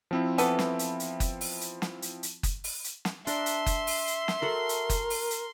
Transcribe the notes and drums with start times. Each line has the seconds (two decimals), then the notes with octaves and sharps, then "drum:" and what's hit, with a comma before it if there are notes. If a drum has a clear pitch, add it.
0.11 F3 C4 E4
0.38 E3 B3 A4, drum: hi-hat
0.59 drum: snare
0.79 drum: hi-hat
1.00 drum: hi-hat
1.20 drum: kick F#1, hi-hat
1.41 drum: open hi-hat
1.61 drum: hi-hat
1.82 drum: snare
2.02 drum: hi-hat
2.23 drum: hi-hat
2.43 drum: kick F#1, hi-hat
2.64 drum: open hi-hat
2.84 drum: hi-hat
3.05 drum: snare
3.27 D4 A#4 E5 C6, drum: hi-hat
3.46 drum: hi-hat
3.66 drum: kick F#1, hi-hat
3.87 drum: open hi-hat
4.07 drum: hi-hat
4.28 drum: snare
4.42 F#4 A4 A#4 F#5
4.69 drum: hi-hat
4.90 drum: kick F#1, hi-hat
5.10 drum: open hi-hat
5.31 drum: hi-hat